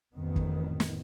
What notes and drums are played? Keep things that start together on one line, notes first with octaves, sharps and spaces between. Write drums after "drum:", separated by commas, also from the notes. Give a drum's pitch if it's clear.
A1 F2 D#3 B3
drum: kick
drum: snare